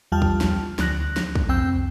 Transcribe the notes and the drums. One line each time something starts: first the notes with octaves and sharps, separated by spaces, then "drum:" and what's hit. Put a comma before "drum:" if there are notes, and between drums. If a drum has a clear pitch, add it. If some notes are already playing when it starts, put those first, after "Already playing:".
E2 G3 F4 G5 A5 F6
drum: kick
drum: snare
D2 F#6 A#6, drum: snare
drum: snare
drum: kick
C2 F2 C4 G5 E6 G6